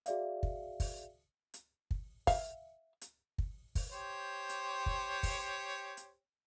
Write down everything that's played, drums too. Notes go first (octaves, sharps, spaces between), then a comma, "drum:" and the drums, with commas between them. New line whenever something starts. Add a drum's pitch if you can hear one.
F#4 G#4 D5 E5 F5, drum: hi-hat
drum: kick
drum: kick, open hi-hat
drum: hi-hat
drum: kick
E5 F5, drum: kick, open hi-hat
drum: hi-hat
drum: kick
drum: kick, open hi-hat
G4 C5 C#5
drum: hi-hat
drum: kick
drum: kick, open hi-hat
drum: hi-hat